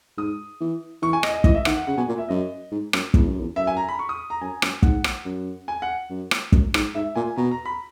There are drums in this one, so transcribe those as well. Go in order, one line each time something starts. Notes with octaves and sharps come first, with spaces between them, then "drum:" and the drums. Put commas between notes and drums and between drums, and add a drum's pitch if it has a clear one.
G#2 D#6
E3
E3 C#6
G#5
D#5, drum: rim click
D#5
E3 D#5, drum: kick
E5
D#3 F#5, drum: rim click
F#5
C#3 F#5
B2 G#5
A#2
E5
F#2 D#5
G#2
F#2, drum: rim click
E2, drum: kick
F#2
E2
F#2 E5
G#5
A#5
B5
C#6
D#6
A#5
F#2 G#5
F#2, drum: rim click
G#2 F#5, drum: kick
drum: rim click
F#2
G#5
F#5
F#2
drum: rim click
F#2, drum: kick
G#2, drum: rim click
G#2 E5
A#2 G#5
B2 A#5
A#5
B5